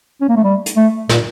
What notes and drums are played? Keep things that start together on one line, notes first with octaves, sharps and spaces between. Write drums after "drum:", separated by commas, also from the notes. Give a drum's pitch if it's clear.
C#4
A#3
A3
G3
drum: hi-hat
A3
A#2, drum: snare